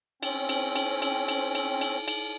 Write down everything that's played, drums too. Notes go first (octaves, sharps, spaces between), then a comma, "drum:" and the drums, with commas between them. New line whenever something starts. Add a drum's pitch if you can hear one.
C4 C#4, drum: cymbal
drum: cymbal
drum: cymbal
drum: cymbal
drum: cymbal
drum: cymbal
drum: cymbal
drum: cymbal